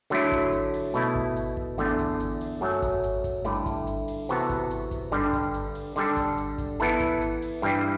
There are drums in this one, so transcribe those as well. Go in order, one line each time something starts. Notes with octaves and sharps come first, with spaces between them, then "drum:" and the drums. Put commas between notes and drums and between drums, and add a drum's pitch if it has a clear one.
D3 F#3 A3 E4, drum: hi-hat
drum: kick G#1, hi-hat
drum: hi-hat
drum: open hi-hat
B2 A3 E4, drum: hi-hat
drum: kick G#1
drum: hi-hat
drum: kick G#1
E2 D3 A3, drum: hi-hat
drum: kick G#1, hi-hat
drum: hi-hat
drum: open hi-hat
F#2 F#3 A3
drum: kick G#1, hi-hat
drum: hi-hat
drum: kick G#1, hi-hat
G2 D3 A3 E4, drum: hi-hat
drum: kick G#1, hi-hat
drum: hi-hat
drum: open hi-hat
C3 E3 B3 F#4 A4, drum: hi-hat
drum: kick G#1, hi-hat
drum: hi-hat
drum: kick G#1, hi-hat
G2 D3 G3, drum: hi-hat
drum: kick G#1, hi-hat
drum: hi-hat
drum: open hi-hat
D3 G3 D4 A4, drum: hi-hat
drum: kick G#1, hi-hat
drum: hi-hat
drum: kick G#1, hi-hat
E3 B3 E4 A4, drum: hi-hat
drum: kick G#1, hi-hat
drum: hi-hat
drum: open hi-hat
G2 E3 G3, drum: hi-hat